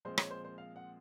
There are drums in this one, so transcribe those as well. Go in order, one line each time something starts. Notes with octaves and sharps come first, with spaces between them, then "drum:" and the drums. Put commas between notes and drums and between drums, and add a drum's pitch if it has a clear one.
A#2 F3 G#3 C4 C5
C#5, drum: rim click
C5
C5
F5
F#5